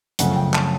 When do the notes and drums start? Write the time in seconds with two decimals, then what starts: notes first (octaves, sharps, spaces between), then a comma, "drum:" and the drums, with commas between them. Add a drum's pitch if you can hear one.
0.19 F#2 C#3 F3 A3 F#5, drum: hi-hat
0.36 G5
0.54 A5, drum: clap